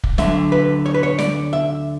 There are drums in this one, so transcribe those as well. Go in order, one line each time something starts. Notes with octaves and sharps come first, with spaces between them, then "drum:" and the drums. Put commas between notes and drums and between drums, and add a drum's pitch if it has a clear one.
drum: kick
D2 D3 F#3 E5, drum: snare
B4
C#5
B4
C#5
D5, drum: snare
E5